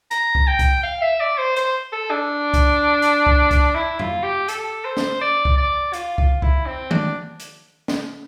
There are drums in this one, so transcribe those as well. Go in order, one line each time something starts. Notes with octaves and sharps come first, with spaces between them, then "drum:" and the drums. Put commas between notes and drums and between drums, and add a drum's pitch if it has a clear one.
A#5, drum: hi-hat
drum: kick C2
G5
drum: kick C2, hi-hat
F5
E5
D5
C5
C5, drum: hi-hat
A4
D4
drum: kick C2, hi-hat
drum: hi-hat
drum: kick C2
drum: kick C2, hi-hat
E4
F4, drum: tom
G4
A4, drum: hi-hat
C5
drum: snare
D5
drum: kick C2
D5
F4, drum: hi-hat
F4, drum: kick C2
E4, drum: kick C2
C4
D4, drum: tom D#3
drum: hi-hat
drum: snare